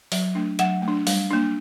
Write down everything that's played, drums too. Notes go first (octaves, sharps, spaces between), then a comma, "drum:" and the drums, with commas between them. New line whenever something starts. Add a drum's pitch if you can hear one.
F#3, drum: open hi-hat
A3 D4
F#3 F#5, drum: hi-hat
A3
D4
G3, drum: open hi-hat
A#3 D4